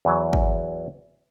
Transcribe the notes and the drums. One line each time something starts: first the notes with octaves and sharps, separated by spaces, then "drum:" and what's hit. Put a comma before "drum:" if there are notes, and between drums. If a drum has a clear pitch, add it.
E2 E3 F#3
drum: kick